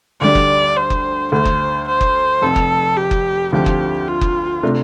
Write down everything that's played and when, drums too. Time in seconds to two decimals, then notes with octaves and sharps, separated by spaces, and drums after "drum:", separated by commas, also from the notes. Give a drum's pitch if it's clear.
0.21 D2 D3 G3 D4 D5
0.35 drum: kick F#1
0.77 C5
0.90 drum: kick F#1
1.32 D2 D3 A3 C5
1.45 drum: kick F#1
1.87 C5
2.01 drum: kick F#1
2.41 F1 F2 C3 A4
2.56 drum: kick F#1
2.97 G4
3.11 drum: kick F#1
3.52 D2 D3 F3 C4 G4
3.66 drum: kick F#1
4.07 F4
4.21 drum: kick F#1
4.63 C3 A3 D4